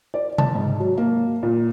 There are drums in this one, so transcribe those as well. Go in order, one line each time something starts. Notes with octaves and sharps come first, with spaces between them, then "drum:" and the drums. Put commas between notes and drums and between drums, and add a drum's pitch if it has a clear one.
D5
A5, drum: tom C3
G#2
F#3
A#3
A#2